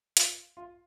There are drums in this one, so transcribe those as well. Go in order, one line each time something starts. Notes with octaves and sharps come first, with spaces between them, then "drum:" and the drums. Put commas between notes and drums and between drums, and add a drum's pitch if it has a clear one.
F4, drum: hi-hat
F4